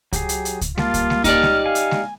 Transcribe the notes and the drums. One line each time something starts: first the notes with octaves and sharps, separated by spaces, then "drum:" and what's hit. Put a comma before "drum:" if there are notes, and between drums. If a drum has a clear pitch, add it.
F#3 G4 G#4, drum: kick C#2, hi-hat
drum: hi-hat
drum: hi-hat
drum: kick C#2, hi-hat
G3 A#3 F4 A5, drum: snare G#3
drum: kick C#2, hi-hat
drum: snare G#3
D#4 G4 D5 F6, drum: kick C#2, hi-hat
drum: snare G#3
F5 G#5
drum: hi-hat
drum: snare G#3